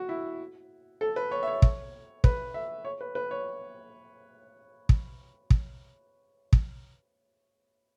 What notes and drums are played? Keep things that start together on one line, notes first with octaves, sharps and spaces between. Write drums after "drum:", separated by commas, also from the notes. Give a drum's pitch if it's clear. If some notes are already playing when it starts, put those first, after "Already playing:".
Already playing: F#4
E4
A4
B4
C#5
E5
C#5
drum: kick
B4, drum: kick
E5
C#5
B4
B4
C#5
drum: kick
drum: kick
drum: kick